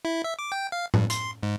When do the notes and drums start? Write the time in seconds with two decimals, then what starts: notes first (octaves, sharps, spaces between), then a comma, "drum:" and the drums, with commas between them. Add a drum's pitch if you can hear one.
0.05 E4
0.24 E5
0.39 D6
0.52 G5
0.72 F5
0.94 G2, drum: tom A2
1.10 C6, drum: hi-hat
1.43 G#2